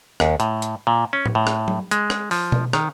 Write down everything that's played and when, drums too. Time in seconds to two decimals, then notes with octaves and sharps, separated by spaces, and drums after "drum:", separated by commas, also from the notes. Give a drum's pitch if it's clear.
0.20 D#2, drum: rim click
0.40 A2, drum: hi-hat
0.62 drum: hi-hat
0.87 A#2
1.13 C#4
1.26 drum: tom A2
1.35 A2
1.47 drum: rim click
1.68 drum: tom F#3
1.91 G#3, drum: hi-hat
2.10 drum: rim click
2.31 F3, drum: open hi-hat
2.52 drum: tom B2
2.73 D#3, drum: rim click